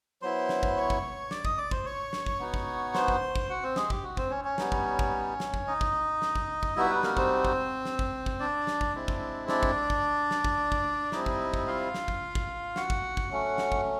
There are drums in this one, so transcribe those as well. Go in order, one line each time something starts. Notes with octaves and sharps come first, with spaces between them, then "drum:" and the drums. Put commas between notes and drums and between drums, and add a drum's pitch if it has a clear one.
F#3 B3 E4 C5 C6
drum: snare
drum: kick
C#5 C#6
drum: kick
D5 D6, drum: snare
D#5 D#6, drum: kick
D5 D6
C5 C6, drum: kick
C#5 C#6
drum: snare
drum: kick
B3 D#4 F#4
drum: kick
C5 C6, drum: snare
drum: kick
drum: kick
F#4 F#5
C4 C5
G#3 G#4, drum: snare
G4, drum: kick
F#4
C4 C5, drum: kick
C#4 C#5
C#4 C#5
G3 B3 D#4, drum: snare
drum: kick
drum: kick
drum: snare
drum: kick
D#4 D#5
drum: kick
drum: snare
drum: kick
drum: kick
G3 B3 D#4 E4 F#4 E5
B3 B4
A#3 A#4, drum: snare
C4 C5, drum: kick
drum: kick
drum: snare
drum: kick
drum: kick
D4 D5
drum: snare
drum: kick
G#3 C4 E4
drum: kick
D4 D5, drum: snare
drum: kick
drum: kick
drum: snare
drum: kick
drum: kick
G3 C4 D#4 E4 D#5, drum: snare
drum: kick
drum: kick
F4 F5
drum: snare
drum: kick
drum: kick
F#4 F#5, drum: snare
drum: kick
drum: kick
F#3 A3 C#4 F#4
drum: snare
drum: kick